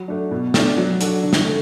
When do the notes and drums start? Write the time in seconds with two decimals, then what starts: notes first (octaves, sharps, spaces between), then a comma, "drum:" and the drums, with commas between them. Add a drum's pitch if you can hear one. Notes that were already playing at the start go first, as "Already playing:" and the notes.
Already playing: F#3
0.08 A3 D4
0.31 B2
0.54 A3 D4, drum: snare
0.77 F#3
1.01 D4 F#4 A4, drum: hi-hat
1.23 D3
1.33 drum: snare
1.47 A3